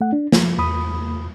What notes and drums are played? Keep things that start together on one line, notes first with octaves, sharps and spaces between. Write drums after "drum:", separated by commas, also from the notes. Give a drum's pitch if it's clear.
A3 F#5
D4
F3, drum: snare
E2 B5 D#6